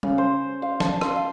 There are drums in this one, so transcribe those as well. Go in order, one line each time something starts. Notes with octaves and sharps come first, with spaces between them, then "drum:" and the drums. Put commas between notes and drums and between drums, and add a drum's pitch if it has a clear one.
C#3, drum: tom G3
C5
F5
A5, drum: snare
C6, drum: rim click
F5